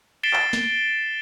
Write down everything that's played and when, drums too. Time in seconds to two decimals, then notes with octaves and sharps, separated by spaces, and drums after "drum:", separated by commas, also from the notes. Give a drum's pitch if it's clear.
0.23 A6 B6 C7 D7 E7 G7
0.33 drum: clap
0.53 drum: snare